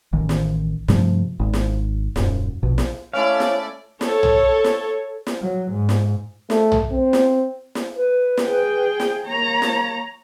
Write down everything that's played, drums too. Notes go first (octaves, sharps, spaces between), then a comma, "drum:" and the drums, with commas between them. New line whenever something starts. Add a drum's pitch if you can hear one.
A1 D#3
drum: snare
G2 C3 F3 A3, drum: snare
G#1
drum: snare
D#1 F#2, drum: snare
A#1 B2
drum: snare
A3 C#4 E4 C#5 D5 F5
drum: snare
A4 C#5, drum: snare
drum: tom
drum: snare
drum: snare
F#3
G#2
drum: snare
A3, drum: snare
drum: tom
C4
drum: snare
drum: snare
B4
drum: snare
G#4 G5
drum: snare
A#3 C#5 A#5
drum: snare